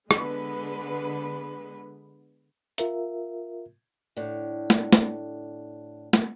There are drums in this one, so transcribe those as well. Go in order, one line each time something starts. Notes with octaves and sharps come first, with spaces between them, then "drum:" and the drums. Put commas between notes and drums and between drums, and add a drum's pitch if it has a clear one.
D3 G#3 B3 B4, drum: rim click
F4 A#4 E5, drum: hi-hat
A2 D3
drum: snare
drum: snare
drum: snare